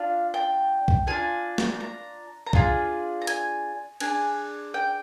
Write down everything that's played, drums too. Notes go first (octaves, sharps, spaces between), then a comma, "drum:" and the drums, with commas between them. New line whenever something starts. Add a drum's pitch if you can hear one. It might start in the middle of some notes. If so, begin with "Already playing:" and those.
Already playing: D4 F4 F5
G5
drum: kick
D4 F4 G#4 G#5
drum: snare
A#5
A#5
D4 F4 G#4 G#5, drum: kick
A#5
G#5, drum: hi-hat
D4 G#4 G#5, drum: cymbal
G5